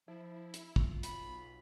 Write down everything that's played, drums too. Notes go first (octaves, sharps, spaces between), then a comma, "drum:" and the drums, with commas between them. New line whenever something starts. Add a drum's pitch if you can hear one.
F3 E4
drum: hi-hat
F4, drum: kick
B1 B5, drum: hi-hat